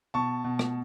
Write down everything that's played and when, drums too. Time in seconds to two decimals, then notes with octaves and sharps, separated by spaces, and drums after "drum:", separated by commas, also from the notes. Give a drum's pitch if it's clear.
0.14 B2 A5 C#6
0.44 B2
0.59 drum: rim click